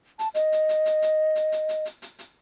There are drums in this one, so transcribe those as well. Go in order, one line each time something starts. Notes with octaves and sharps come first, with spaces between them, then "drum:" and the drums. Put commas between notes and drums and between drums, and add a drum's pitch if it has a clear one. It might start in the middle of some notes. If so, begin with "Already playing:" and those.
A5, drum: hi-hat
D#5, drum: hi-hat
drum: hi-hat
drum: hi-hat
drum: hi-hat
drum: hi-hat
drum: hi-hat
drum: hi-hat
drum: hi-hat
drum: hi-hat
drum: hi-hat
drum: hi-hat